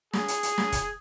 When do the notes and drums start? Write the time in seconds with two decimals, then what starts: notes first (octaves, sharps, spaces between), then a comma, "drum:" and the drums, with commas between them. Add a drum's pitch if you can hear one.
0.13 G#4, drum: snare
0.28 drum: hi-hat
0.43 drum: hi-hat
0.58 drum: snare
0.72 drum: kick F1, hi-hat